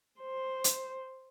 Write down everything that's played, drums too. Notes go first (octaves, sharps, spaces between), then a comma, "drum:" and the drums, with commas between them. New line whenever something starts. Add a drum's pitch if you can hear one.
C5
drum: hi-hat